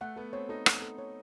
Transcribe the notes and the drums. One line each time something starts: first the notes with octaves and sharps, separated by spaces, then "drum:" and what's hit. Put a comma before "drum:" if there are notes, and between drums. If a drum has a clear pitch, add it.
A3 F#5
B3 A4
C4 C#5
D#4 A4
F#5, drum: rim click
A4
C#5